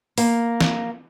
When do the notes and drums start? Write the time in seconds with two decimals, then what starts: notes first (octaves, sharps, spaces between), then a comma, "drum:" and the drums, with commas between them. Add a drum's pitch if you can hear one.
0.18 A#3, drum: open hi-hat
0.61 drum: snare